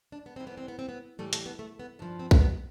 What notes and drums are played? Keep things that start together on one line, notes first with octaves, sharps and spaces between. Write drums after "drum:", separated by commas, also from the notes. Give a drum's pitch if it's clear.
D4
B3
F2 E3 G3 C4
B3
C4
B3
C4
B3
A2 E3 G3 A3
A3, drum: hi-hat
B3
A3
B3
G2 F3 D4
C4
C4, drum: kick B1
B3